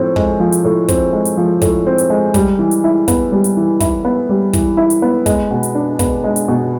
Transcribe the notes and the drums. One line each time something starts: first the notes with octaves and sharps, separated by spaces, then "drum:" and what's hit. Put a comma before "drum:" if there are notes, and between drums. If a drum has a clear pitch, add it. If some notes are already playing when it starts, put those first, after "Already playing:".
Already playing: A2 F3 C4
G#3, drum: kick
F3
drum: hi-hat
A2
C4, drum: kick, hi-hat
G#3
drum: hi-hat
F3
A2, drum: kick, hi-hat
C4
drum: hi-hat
G#3
G3, drum: kick, hi-hat
E3
drum: hi-hat
E4
B3, drum: kick, hi-hat
G3
drum: hi-hat
E3
E4, drum: kick, hi-hat
B3
G3
E3, drum: kick, hi-hat
E4
drum: hi-hat
B3
G#3, drum: kick, hi-hat
B2
drum: hi-hat
D4
B3, drum: kick, hi-hat
G#3
drum: hi-hat
B2